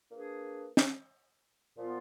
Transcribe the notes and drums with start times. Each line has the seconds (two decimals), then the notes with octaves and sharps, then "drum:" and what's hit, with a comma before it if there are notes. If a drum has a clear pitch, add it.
0.10 A#3 D4 G#4 B4
0.77 drum: snare
1.77 A#2 F3 B3 F4